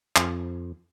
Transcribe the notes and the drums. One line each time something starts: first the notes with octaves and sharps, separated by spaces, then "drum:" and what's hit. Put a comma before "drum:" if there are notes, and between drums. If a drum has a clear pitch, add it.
F2, drum: clap